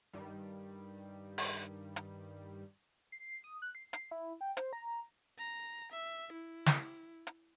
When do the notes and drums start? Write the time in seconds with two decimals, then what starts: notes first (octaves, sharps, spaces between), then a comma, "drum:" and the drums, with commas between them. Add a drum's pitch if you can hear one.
0.13 G2 D#3 G3
1.38 drum: open hi-hat
1.96 drum: hi-hat
3.12 C7
3.44 D#6
3.62 F#6
3.75 C7
3.93 C7, drum: hi-hat
4.11 E4
4.41 G5
4.57 C5, drum: hi-hat
4.73 A#5
5.38 A#5
5.92 E5
6.33 E4
6.66 drum: snare
7.27 drum: hi-hat